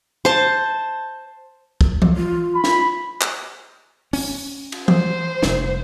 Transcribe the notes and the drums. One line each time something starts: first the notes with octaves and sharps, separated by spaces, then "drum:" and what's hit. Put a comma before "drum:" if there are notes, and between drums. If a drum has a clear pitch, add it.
C5 A5
drum: kick
drum: tom E3
F4
B5
drum: snare
drum: clap
C#4, drum: open hi-hat
drum: cymbal
C5, drum: tom E3
F1 G3, drum: snare